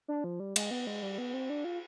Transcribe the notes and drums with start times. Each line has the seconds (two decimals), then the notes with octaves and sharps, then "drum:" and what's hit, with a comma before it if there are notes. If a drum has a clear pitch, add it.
0.08 D4
0.24 F3
0.40 G3
0.56 G#3, drum: cymbal
0.71 B3
0.87 G#3
1.03 G3
1.18 B3
1.34 C4
1.50 D4
1.64 F4